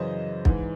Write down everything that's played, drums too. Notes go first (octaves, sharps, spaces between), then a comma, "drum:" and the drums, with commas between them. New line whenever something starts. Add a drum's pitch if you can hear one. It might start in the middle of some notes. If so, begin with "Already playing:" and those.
Already playing: F#2 C#3 E3 C5 D#5
G#2 E3, drum: kick